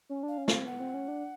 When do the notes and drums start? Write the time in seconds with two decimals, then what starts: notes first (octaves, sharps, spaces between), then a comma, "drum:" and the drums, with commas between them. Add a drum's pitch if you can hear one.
0.09 C#4
0.23 D4
0.28 F5
0.38 C#4
0.48 C4 F5, drum: snare
0.66 B3 F#5
0.80 C4
0.94 C#4
1.08 D4